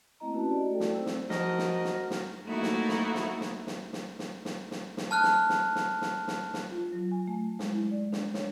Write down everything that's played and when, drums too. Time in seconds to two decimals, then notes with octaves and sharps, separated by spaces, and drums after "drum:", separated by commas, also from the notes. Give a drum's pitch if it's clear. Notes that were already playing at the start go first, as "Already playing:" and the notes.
0.20 A3 A#3 C4 E4 D#5 A#5
0.34 C#4 E4 F#4 B4 D#5 A5
0.47 F#4 G4 D5
0.70 A3 E4 A4 D5 G5
0.80 drum: snare
0.94 C4 D#4 C5 E6
1.06 drum: snare
1.30 F3 F#4 A#4 D#5, drum: snare
1.58 drum: snare
1.84 drum: snare
2.10 drum: snare
2.45 A3 A#3 D#4 E4 F#4
2.63 drum: snare
2.89 drum: snare
3.15 drum: snare
3.41 drum: snare
3.67 drum: snare
3.93 drum: snare
4.19 drum: snare
4.45 drum: snare
4.71 drum: snare
4.97 drum: snare
5.11 A5 F6 F#6
5.23 drum: snare
5.49 drum: snare
5.75 drum: snare
6.01 drum: snare
6.28 drum: snare
6.54 drum: snare
6.71 F4
6.93 F#3
7.11 G#5
7.28 A3
7.59 G#3, drum: snare
7.72 E4
7.91 D5
8.12 D4, drum: snare
8.34 C#5, drum: snare